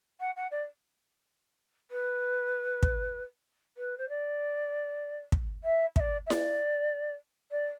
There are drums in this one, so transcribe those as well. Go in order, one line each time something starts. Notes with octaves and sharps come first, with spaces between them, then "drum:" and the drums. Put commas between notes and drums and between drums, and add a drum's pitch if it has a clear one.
F#5
F#5
D5
B4
drum: kick
B4
C5
D5
drum: kick
E5
E5, drum: kick
D5
E5
D5, drum: snare E4
D5